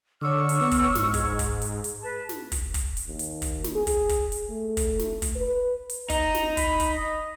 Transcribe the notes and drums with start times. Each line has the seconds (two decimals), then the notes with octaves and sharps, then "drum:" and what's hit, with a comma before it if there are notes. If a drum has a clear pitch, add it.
0.21 D3 C#5 C#6 D6 E6 F6
0.49 drum: hi-hat
0.61 B3
0.71 drum: kick, hi-hat
0.95 G#2, drum: snare
1.14 G#4, drum: kick, hi-hat
1.39 drum: kick, hi-hat
1.62 drum: hi-hat
1.84 drum: hi-hat
2.02 B4 A5
2.29 drum: snare
2.52 drum: kick, hi-hat
2.74 drum: kick, hi-hat
2.97 drum: hi-hat
3.07 D#2
3.19 drum: hi-hat
3.42 drum: kick, hi-hat
3.64 drum: snare
3.76 G#4
3.87 drum: kick, hi-hat
4.09 drum: kick, hi-hat
4.32 drum: hi-hat
4.50 A3
4.77 drum: kick, hi-hat
4.99 drum: snare
5.22 drum: kick, hi-hat
5.35 B4
5.90 drum: hi-hat
6.10 D#4 A#5, drum: kick, hi-hat
6.35 drum: snare
6.57 B5, drum: kick, hi-hat
6.80 drum: kick, hi-hat
6.93 D#5